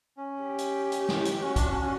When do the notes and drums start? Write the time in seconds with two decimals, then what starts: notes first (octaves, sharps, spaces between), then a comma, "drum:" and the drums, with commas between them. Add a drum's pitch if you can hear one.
0.17 C#4
0.42 G4
0.58 drum: hi-hat
0.92 drum: hi-hat
1.09 drum: snare
1.25 drum: hi-hat
1.42 C#4 F#4
1.56 D4, drum: kick, hi-hat
1.70 C#4
1.82 C#4